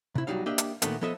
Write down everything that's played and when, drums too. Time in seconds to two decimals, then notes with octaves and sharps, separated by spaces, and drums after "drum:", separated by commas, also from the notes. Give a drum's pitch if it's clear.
0.15 C3 E4
0.27 B1 E3 F#3 G3 D#4 F5
0.46 A#3 D4 G4 D#5 E5 G5
0.58 drum: hi-hat
0.82 A#2 D#3 F3 A3 B3, drum: hi-hat
1.01 F3 B3 A4 D#5 E5